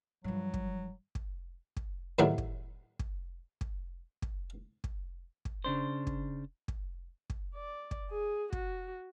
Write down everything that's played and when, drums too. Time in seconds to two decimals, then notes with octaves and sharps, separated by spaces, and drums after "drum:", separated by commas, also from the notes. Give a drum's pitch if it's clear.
0.24 G2 F3 F#3
0.54 drum: kick
1.15 drum: kick
1.76 drum: kick
2.19 E2 A2 D#3 F#3 G3 A3
2.38 drum: kick
2.99 drum: kick
3.61 drum: kick
4.22 drum: kick
4.84 drum: kick
5.45 drum: kick
5.64 C#3 D4 C5
6.07 drum: kick
6.68 drum: kick
7.30 drum: kick
7.55 D5
7.91 drum: kick
8.10 G#4
8.52 F#4, drum: kick